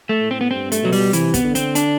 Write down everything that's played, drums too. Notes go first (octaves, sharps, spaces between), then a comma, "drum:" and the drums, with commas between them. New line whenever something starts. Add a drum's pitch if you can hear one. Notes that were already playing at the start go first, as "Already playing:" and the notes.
A3
A2
C4
B3
G2 C4
A3, drum: hi-hat
B2 F#3
G3, drum: open hi-hat
C3 E3, drum: hi-hat
B3, drum: kick, hi-hat
D3
C4, drum: hi-hat
D4, drum: hi-hat